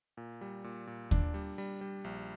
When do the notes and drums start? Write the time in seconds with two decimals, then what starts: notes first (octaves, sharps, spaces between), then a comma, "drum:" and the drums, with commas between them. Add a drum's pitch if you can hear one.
0.17 A#2
0.41 G3
0.64 A#2
0.87 A#2
1.11 D4, drum: kick
1.34 G3
1.58 G3
1.81 G3
2.04 A#1